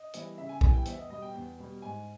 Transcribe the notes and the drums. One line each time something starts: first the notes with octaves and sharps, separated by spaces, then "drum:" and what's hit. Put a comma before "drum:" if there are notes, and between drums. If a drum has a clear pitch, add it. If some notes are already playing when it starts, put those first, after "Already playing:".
Already playing: D#5
E3 G3 B3 E4, drum: hi-hat
C#3 E5
G#5
E3 G3 B3 E4 G#5, drum: kick B1
G5
E2 E5, drum: hi-hat
D#5
B2 G3 D#5
G5
E2
B2 G3
G#2 G#5